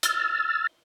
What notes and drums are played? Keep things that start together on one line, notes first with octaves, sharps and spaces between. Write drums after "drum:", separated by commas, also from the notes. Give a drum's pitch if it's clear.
E6 F6 A6, drum: hi-hat